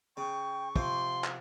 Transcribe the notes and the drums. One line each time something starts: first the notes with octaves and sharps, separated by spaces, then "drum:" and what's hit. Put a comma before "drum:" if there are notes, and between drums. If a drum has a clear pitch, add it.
C#3 G5 C#6
C3 F3 F5 C6, drum: kick
drum: clap